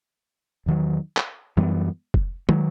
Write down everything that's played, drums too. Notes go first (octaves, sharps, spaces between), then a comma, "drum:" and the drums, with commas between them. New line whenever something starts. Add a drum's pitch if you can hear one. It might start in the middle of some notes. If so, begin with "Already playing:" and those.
E2 D#3 F#3
drum: clap
F#2 E3 G3 B3
drum: kick F1
D#3 F#3, drum: tom